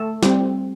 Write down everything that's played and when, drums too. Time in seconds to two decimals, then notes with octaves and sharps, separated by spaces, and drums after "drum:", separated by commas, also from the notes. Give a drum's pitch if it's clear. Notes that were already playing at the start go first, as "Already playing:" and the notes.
Already playing: A3 A4
0.23 G3 C4, drum: snare